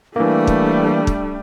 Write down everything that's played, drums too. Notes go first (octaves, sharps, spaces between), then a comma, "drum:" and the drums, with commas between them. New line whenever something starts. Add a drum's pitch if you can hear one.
E3 G3 A3 A#3 D4
drum: kick
drum: kick